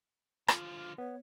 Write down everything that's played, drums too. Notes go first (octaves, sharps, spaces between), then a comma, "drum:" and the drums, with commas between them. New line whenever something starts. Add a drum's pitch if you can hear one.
D3 F3 F4, drum: rim click
B3 C#5